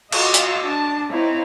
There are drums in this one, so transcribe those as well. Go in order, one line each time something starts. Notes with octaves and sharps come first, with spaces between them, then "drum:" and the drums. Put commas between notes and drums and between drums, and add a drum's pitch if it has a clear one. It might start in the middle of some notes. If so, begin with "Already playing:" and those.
F4 F#4 D#5 F5 E6, drum: cymbal
drum: hi-hat
D4 A5
C4 D#4 E4 C#5 F5